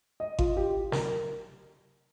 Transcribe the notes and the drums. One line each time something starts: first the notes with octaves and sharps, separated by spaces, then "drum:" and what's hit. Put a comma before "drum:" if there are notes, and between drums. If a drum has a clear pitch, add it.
D#5
F4, drum: kick G#1
G4
A#4, drum: snare